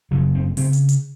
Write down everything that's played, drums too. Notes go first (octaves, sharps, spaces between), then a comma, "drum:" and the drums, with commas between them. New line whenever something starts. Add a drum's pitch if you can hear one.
F#1 F#2 C#3 F3
C4
C#3 C4, drum: open hi-hat
drum: hi-hat
drum: hi-hat